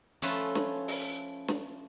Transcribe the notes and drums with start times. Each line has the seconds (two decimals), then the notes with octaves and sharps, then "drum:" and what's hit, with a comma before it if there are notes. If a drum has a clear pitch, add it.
0.22 F3 A3 C#4 A4 B4, drum: hi-hat
0.55 drum: snare
0.88 drum: open hi-hat
1.48 drum: snare